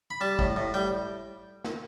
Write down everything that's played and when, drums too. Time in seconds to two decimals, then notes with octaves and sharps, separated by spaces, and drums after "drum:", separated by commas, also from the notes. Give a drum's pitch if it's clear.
0.11 B5
0.21 G3 A5
0.39 A2, drum: kick
0.56 A2
0.74 G3 G5
1.64 drum: snare